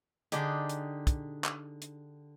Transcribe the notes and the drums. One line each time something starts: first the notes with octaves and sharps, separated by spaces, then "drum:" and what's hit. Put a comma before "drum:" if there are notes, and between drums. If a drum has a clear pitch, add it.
D3 D4 D#4 G4 G#4, drum: hi-hat
drum: hi-hat
drum: kick, hi-hat
drum: clap
drum: hi-hat